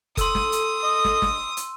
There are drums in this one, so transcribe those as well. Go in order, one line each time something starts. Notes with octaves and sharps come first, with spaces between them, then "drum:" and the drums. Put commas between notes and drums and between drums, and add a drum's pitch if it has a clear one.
A4 C6 D#6 E6 D#7, drum: kick F#1, hi-hat
drum: snare
drum: hi-hat
D#5
drum: snare
drum: snare
drum: hi-hat